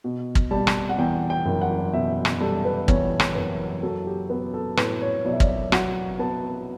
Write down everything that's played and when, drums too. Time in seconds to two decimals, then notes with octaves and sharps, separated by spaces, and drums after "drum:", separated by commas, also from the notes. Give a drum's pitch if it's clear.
0.04 B2
0.35 drum: kick
0.51 G3 A5
0.67 drum: rim click
0.89 F#5
0.98 E2 G5
1.30 G5
1.46 F#1
1.61 F#5
1.93 B2 E5
2.25 drum: rim click
2.40 G3 A4
2.65 B4
2.88 E2 C#5, drum: kick
3.20 drum: rim click
3.35 F#1 B4
3.83 F#3 A4
4.07 G4
4.30 B3
4.54 A4
4.77 A2 B4, drum: rim click
5.01 C#5
5.25 B1 D5
5.33 E5
5.40 D5, drum: kick
5.48 E5
5.72 F#3 F#5, drum: rim click
6.19 B3 A5